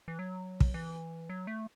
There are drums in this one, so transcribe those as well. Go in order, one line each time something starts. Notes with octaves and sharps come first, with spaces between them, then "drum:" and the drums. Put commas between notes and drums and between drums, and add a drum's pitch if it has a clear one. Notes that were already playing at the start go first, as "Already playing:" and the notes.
E3
F#3
drum: kick
E3
F#3
A3